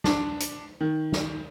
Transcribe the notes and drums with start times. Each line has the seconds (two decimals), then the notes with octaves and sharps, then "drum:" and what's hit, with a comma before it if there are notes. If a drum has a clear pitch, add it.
0.04 D4, drum: snare
0.40 drum: hi-hat
0.81 D#3
1.12 drum: snare